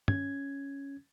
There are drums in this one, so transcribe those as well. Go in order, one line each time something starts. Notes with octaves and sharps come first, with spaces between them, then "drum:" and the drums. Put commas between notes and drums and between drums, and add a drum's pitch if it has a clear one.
C#4 G#6, drum: tom